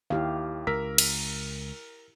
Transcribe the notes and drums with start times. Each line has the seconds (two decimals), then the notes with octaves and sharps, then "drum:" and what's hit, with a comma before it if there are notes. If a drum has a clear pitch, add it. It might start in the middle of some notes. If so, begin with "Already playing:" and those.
0.10 D#2 E4 G4 F5
0.67 C#2 A#4 E6 B6
0.98 drum: cymbal